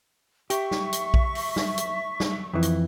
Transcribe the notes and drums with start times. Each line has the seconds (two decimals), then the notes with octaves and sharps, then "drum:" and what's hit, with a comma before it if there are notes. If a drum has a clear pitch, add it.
0.50 G4 E5 C#6, drum: hi-hat
0.71 drum: snare
0.93 drum: hi-hat
1.14 drum: kick A#1
1.35 drum: open hi-hat
1.56 drum: snare
1.78 drum: hi-hat
2.20 drum: snare
2.53 F2 E3
2.63 drum: hi-hat